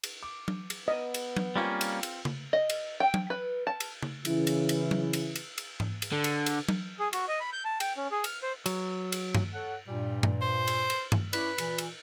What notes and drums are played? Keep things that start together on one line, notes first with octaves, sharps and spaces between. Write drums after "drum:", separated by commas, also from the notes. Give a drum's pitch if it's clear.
drum: cymbal
D6
drum: tom F#3
drum: cymbal
B3 D#5
drum: cymbal
drum: tom F#3
G3 A#3 C4 C#4 F4
drum: cymbal
drum: cymbal
drum: tom C#3
D#5
drum: cymbal
G5
drum: tom F#3
B4
A5
drum: cymbal
drum: tom C#3
C#3 E3 E4, drum: cymbal
drum: cymbal
drum: cymbal
drum: tom F#3
drum: cymbal
drum: cymbal
drum: cymbal
drum: tom G#2
drum: cymbal
D3
drum: cymbal
drum: cymbal
drum: tom F#3
G#4
F#4, drum: cymbal
D#5
B5
G6
A5
G5, drum: cymbal
C#4
G#4
F6, drum: cymbal
C5
F#3, drum: cymbal
drum: cymbal
drum: tom G2
A4 C#5 F#5
G2 A#2 G3
drum: tom G2
C5
drum: cymbal
drum: cymbal
drum: tom G2
C#4 E4 B4 D5, drum: cymbal
A#2 E3, drum: cymbal
drum: cymbal